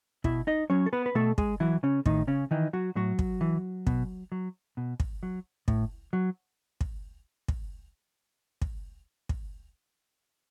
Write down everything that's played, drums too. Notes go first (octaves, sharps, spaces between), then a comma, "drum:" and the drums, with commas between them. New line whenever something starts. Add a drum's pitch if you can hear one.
B2 E4 E5, drum: kick
D#4 D#5
F#3 C#4 C#5
A4
B3 B4
B4
B2 A3 A4
G#3 G#4, drum: kick
E3 F#3 E4
C#3 C#4
A2 D#3 D#4, drum: kick
C#3 C#4
D#3 E3 D#4
F#3 F#4
A2 F#3 F#4
drum: kick
E3
B2, drum: kick
F#3
B2
drum: kick
F#3
A2, drum: kick
F#3
drum: kick
drum: kick
drum: kick
drum: kick